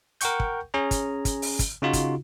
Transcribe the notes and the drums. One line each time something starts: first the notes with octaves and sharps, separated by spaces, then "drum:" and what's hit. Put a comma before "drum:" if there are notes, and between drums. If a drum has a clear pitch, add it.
A#4 F#5 G5 C#6 G6, drum: hi-hat
drum: kick
C#4 G#4 C#5 A#5
drum: kick, hi-hat
drum: kick, hi-hat
drum: open hi-hat
drum: kick, hi-hat
C#3 D#4 F4 F#4
drum: kick, hi-hat